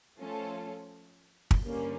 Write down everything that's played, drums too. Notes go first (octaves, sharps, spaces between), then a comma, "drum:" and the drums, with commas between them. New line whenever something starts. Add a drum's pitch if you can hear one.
F3 A3 C#4 F4 A4
drum: kick
G2 D3 G3 A#3 C#4